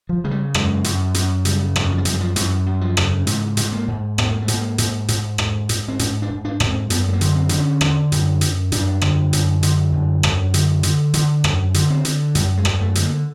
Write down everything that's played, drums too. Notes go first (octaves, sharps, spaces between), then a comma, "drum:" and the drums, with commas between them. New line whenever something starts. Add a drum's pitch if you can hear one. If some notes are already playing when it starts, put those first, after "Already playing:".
F3
C#3 G#3
G3
F#2 G#3, drum: rim click
F#2, drum: hi-hat
F#2, drum: hi-hat
C#3 G3, drum: hi-hat
F#2, drum: rim click
F3
F#3
F#2 F3, drum: hi-hat
F#3
F3
F#2 E3, drum: hi-hat
F#2
F3
C#3, drum: rim click
G#2 E3, drum: hi-hat
G#2, drum: hi-hat
A#3
G#2
G#2 B3, drum: rim click
A#3
A3
G#2, drum: hi-hat
A#3
G#2, drum: hi-hat
G#2, drum: hi-hat
G#2, drum: rim click
G#2, drum: hi-hat
C4
G#2 C#4, drum: hi-hat
D4
G#2
D4
G#2, drum: rim click
C4
F#2 B3, drum: hi-hat
A3
A#3
D3, drum: hi-hat
C4
D3 D4, drum: hi-hat
C#4
D3, drum: rim click
F#2, drum: hi-hat
F#2, drum: hi-hat
F#2 D4, drum: hi-hat
D3, drum: rim click
F#2, drum: hi-hat
D3, drum: hi-hat
F#2
F#2, drum: rim click
D3, drum: hi-hat
D3, drum: hi-hat
D3, drum: hi-hat
F#2, drum: rim click
D3, drum: hi-hat
C4
D3, drum: hi-hat
F#2 G3, drum: hi-hat
G#3
F#2, drum: rim click
A3
D3 A3, drum: hi-hat
A#3